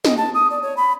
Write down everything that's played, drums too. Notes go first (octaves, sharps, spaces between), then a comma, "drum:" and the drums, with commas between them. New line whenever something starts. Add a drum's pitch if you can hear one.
D#5, drum: snare
A5
D#6
D5
C#5
B5